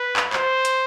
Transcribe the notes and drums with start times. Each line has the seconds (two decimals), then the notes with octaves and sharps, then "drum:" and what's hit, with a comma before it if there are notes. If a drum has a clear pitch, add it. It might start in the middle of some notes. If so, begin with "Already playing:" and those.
Already playing: B4
0.16 drum: clap
0.33 C5, drum: clap
0.65 drum: hi-hat